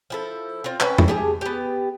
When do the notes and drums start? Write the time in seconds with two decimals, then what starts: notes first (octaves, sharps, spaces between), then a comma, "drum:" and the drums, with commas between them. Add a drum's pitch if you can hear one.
0.10 F3 E4 A4
0.64 C4 F4
0.80 C#4 B4 G5, drum: clap
0.98 drum: tom E2
1.08 G4 G#4 A5
1.41 B3 G4